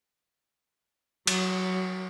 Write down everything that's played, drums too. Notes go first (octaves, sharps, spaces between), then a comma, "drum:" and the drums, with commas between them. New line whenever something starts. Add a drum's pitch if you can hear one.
F#3, drum: cymbal